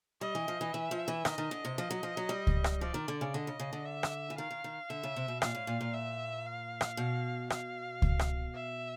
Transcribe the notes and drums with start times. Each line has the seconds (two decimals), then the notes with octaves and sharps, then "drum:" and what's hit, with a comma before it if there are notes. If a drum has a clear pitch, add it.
0.21 G3 D#5
0.35 E3
0.48 F3
0.61 E3
0.73 E3 E5
0.91 F3
1.08 E3
1.25 D#3 D#5, drum: rim click
1.38 D#3
1.51 D3
1.65 C3
1.78 F3 D#5
1.91 F#3
2.03 F3
2.17 F#3
2.29 G3
2.47 drum: kick C#2
2.64 drum: rim click
2.81 F3 D5
2.94 D#3
3.08 D3
3.21 C#3
3.34 D3 D#5
3.47 C#3
3.60 C#3
3.73 D3
3.86 E5
4.03 drum: rim click
4.30 E3
4.38 D#3 F5
4.51 D#3
4.64 D#3
4.89 D3 E5
5.03 C#3
5.16 C3
5.28 B2
5.42 A#2 F5, drum: rim click
5.55 A2
5.67 A#2
5.81 A#2
5.94 E5
6.46 F5
6.81 drum: rim click
6.97 B2
7.50 F5, drum: rim click
8.02 drum: kick C#2
8.19 drum: rim click
8.54 E5